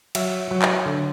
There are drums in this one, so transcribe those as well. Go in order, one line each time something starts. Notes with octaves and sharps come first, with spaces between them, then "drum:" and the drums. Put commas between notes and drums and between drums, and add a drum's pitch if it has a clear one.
F#3 E5, drum: cymbal
F#3
drum: clap
D3